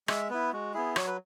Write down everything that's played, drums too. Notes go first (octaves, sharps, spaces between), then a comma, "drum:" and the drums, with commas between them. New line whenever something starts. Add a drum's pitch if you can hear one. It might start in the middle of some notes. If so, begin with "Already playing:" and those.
G#3 E5, drum: rim click
B3 E4 B4
G#3 F#4
B3 E4 G#4
F#3 C#5, drum: rim click
B4